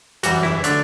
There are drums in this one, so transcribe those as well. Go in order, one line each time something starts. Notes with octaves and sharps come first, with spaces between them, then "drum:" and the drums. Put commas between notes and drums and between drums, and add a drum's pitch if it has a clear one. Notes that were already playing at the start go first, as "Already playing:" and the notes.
F#2 E3 G3 F#4, drum: hi-hat
E4, drum: rim click
D3 F#3 A3 D4, drum: hi-hat